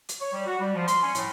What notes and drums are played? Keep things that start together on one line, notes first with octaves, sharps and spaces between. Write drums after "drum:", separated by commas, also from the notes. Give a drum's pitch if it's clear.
drum: hi-hat
C#5
G3
F#4
G3
F3
C6, drum: hi-hat
C#4
A2, drum: hi-hat